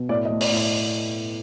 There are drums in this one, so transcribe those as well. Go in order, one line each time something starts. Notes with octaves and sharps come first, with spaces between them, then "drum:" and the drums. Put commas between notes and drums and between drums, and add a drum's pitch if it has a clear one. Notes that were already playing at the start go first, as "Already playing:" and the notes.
Already playing: B2
A2 D5
D#5
A3
D5, drum: open hi-hat
A2 D5